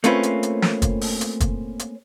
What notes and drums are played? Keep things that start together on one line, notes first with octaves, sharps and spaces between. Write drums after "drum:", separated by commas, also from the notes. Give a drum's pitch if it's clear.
A3 A#3 C4 C#4 F4 B4, drum: hi-hat
drum: hi-hat
drum: hi-hat
drum: snare
drum: kick, hi-hat
drum: open hi-hat
drum: hi-hat
drum: kick, hi-hat
drum: hi-hat